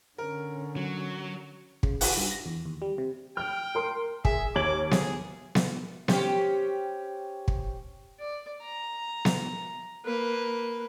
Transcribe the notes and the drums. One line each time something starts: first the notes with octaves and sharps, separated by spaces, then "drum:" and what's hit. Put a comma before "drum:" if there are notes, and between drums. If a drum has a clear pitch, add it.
D3 C#4 A#4
F#3
C#3, drum: kick
F#5, drum: open hi-hat
G2
A#6
E2
D#2
G3
C3
G5 F6
A#4 C6
G#4 E5, drum: kick
D#2 D6 G#6 F#7
G#4, drum: snare B3
drum: snare B3
C#4 G4 C5, drum: snare B3
drum: kick
D5
A#5
drum: snare B3
A#3 B4